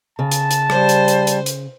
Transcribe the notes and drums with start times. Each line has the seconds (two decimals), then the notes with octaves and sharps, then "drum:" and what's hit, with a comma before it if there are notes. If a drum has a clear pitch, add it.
0.19 C#3 A5
0.31 drum: hi-hat
0.51 drum: hi-hat
0.70 G3 C5, drum: rim click
0.89 drum: hi-hat
1.08 drum: hi-hat
1.27 drum: hi-hat
1.46 drum: hi-hat